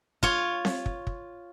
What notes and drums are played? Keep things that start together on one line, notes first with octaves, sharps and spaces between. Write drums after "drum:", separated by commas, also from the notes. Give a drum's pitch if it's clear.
F4 C#5, drum: kick
drum: snare C4
drum: kick
drum: kick